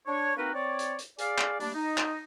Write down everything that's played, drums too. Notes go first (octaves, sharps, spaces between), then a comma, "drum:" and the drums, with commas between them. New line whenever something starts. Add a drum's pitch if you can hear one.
D4 C#5
A#3 C4 D#4 F#4 A#4 B4
C4 C#5 D5
drum: hi-hat
drum: hi-hat
G#4 D5 F5, drum: hi-hat
drum: clap
G3 A3 A#3 D4, drum: open hi-hat
D#4
drum: clap